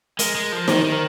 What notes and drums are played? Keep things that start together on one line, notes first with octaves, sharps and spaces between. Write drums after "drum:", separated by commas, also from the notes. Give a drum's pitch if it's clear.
G#3 A#4, drum: hi-hat
G#3
F3
A#4
D#3 C5, drum: snare
D#3
A#4